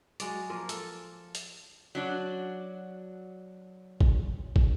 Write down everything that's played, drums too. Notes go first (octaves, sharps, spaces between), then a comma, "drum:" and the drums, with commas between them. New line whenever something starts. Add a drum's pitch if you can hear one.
F#3 G#3 D5, drum: hi-hat
F3 A#3 F4 A#4
A4, drum: hi-hat
drum: hi-hat
F#3 D4 F#4
drum: kick
drum: kick